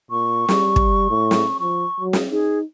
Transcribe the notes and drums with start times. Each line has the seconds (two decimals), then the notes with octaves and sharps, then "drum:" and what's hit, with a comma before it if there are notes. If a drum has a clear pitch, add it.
0.11 A#2 C#6
0.48 G3, drum: snare
0.76 drum: kick
1.10 A2
1.31 drum: snare
1.60 F3 C#6
2.00 F#3
2.13 drum: snare
2.32 D#4 G#4